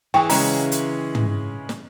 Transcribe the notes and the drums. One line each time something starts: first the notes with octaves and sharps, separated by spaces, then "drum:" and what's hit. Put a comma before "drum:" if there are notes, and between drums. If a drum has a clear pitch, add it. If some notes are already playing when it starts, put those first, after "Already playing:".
E3 G#4 G5 C#6
C#3 G#3 C#4 A#5, drum: open hi-hat
drum: hi-hat
drum: tom
drum: snare